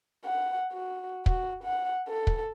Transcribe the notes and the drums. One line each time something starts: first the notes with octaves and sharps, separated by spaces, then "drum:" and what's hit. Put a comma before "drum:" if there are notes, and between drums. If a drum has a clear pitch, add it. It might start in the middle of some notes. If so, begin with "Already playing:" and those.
F#5
F#4
F#4, drum: kick
F#5
A4
drum: kick